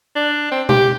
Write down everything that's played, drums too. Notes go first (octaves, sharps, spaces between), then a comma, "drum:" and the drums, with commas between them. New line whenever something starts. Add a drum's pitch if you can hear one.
D4
C4
G4, drum: tom B2